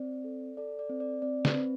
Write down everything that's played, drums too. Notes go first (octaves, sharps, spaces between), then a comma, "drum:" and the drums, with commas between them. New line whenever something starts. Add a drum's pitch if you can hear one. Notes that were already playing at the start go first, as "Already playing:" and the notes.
Already playing: C4 D5
A4
A4 D5
D5
C4
D5
C4 D5
B4, drum: snare
C4